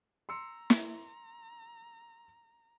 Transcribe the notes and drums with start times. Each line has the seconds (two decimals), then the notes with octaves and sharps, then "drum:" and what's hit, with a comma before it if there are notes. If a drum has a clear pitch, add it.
0.29 A#5 C6 E6 C#7
0.70 drum: snare